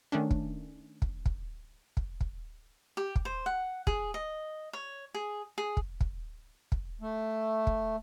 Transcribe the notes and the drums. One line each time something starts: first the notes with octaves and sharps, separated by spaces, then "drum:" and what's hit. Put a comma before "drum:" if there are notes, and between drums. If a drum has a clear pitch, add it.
D#3 A3 C#4 D4
drum: kick
drum: kick
drum: kick
drum: kick
drum: kick
G4
drum: kick
C5
F#5
G#4, drum: kick
D#5
C#5
G#4
G#4
drum: kick
drum: kick
drum: kick
A3
drum: kick